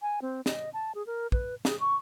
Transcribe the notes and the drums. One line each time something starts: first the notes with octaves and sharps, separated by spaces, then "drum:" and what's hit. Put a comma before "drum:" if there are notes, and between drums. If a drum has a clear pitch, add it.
G#5
C4
D#5, drum: snare
A5
G#4
A#4
B4, drum: kick
G#4, drum: snare
C#6